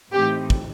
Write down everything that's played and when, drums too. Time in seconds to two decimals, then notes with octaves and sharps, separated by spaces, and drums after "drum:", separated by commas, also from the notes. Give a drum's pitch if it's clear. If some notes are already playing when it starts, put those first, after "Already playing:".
0.12 A2 E3 A3 C4 D#4 G4
0.50 drum: kick